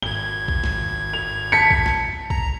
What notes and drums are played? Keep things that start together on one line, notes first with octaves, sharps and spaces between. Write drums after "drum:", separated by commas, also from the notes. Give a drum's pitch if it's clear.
G#1 G#6 G7
drum: kick
drum: snare
F7
A5 B6 C#7
drum: kick
drum: snare
A#5, drum: kick